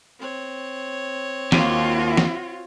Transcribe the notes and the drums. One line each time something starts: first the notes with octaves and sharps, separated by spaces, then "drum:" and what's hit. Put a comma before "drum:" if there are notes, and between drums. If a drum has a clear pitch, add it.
C4 C#5
D#2 F4 F#4, drum: snare
drum: snare